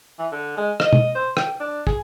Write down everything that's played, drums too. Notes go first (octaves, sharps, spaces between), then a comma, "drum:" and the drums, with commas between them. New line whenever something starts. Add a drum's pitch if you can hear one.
E3
D3
G#3
D#5, drum: rim click
drum: tom
C5
G5, drum: rim click
D4
G#4, drum: kick